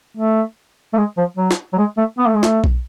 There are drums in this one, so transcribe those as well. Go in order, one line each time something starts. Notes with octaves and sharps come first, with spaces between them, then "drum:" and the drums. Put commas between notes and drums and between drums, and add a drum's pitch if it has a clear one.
A3
A3
G#3
F3
F#3
drum: snare
F#3
G#3
A3
B3
A3
G#3
A3, drum: snare
drum: kick B1